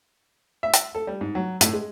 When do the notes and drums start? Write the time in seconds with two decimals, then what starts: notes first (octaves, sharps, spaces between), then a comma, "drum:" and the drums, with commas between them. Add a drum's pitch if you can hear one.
0.63 E5
0.73 drum: hi-hat
0.95 A4
1.07 G3
1.21 G#2
1.35 F#3
1.61 A2, drum: hi-hat
1.73 G#3